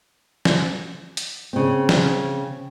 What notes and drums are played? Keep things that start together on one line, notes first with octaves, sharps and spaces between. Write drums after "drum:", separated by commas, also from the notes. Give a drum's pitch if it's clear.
drum: snare
drum: hi-hat
C#3 C4
drum: snare